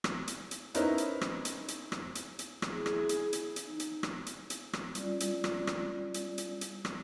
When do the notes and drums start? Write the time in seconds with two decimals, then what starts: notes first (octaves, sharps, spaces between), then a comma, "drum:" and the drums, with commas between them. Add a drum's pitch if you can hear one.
0.04 drum: rim click
0.28 drum: hi-hat
0.51 drum: hi-hat
0.74 B3 C#4 D#4 E4 A#4 C5, drum: hi-hat
0.98 drum: hi-hat
1.21 drum: rim click
1.45 drum: hi-hat
1.68 drum: hi-hat
1.92 drum: rim click
2.15 drum: hi-hat
2.39 drum: hi-hat
2.62 drum: rim click
2.72 E4 G#4
2.86 drum: rim click
3.09 drum: hi-hat
3.33 drum: hi-hat
3.56 drum: hi-hat
3.66 D#4
3.80 drum: hi-hat
4.03 drum: rim click
4.26 drum: hi-hat
4.50 drum: hi-hat
4.73 drum: rim click
4.95 G3 C#4 F4 D5, drum: hi-hat
5.20 drum: hi-hat
5.44 drum: rim click
5.67 drum: rim click
6.14 drum: hi-hat
6.38 drum: hi-hat
6.61 drum: hi-hat
6.85 drum: rim click